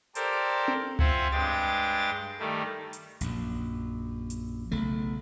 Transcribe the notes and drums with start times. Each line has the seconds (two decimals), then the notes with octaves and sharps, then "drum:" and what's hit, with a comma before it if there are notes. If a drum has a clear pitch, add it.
0.15 G4 A4 A#4 C5 D5, drum: hi-hat
0.68 drum: tom C4
0.99 C4 F4 E5 F#5 G#5, drum: tom C#2
1.32 G2 G#3 G4 G5 A6
2.39 D#3 G3 A3
2.93 drum: hi-hat
3.21 A#1 F#2, drum: hi-hat
4.30 drum: hi-hat
4.72 B1 C#3 A3